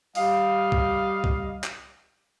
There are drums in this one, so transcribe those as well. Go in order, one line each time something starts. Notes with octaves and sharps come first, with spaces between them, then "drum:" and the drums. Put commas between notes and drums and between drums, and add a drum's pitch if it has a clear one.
G3 D#5 F5, drum: open hi-hat
drum: kick C2
drum: kick C2
drum: clap